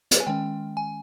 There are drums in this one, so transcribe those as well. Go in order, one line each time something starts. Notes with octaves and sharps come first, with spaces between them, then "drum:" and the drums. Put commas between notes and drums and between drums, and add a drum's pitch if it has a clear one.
drum: hi-hat
G#5
D#3 G#3 C#4 G5
G#5